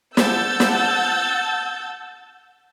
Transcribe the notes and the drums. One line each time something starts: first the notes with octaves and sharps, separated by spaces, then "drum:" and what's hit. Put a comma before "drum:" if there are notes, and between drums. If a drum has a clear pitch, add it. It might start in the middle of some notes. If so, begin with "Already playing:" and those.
F#5 A5 E6 G6 A6, drum: snare
drum: snare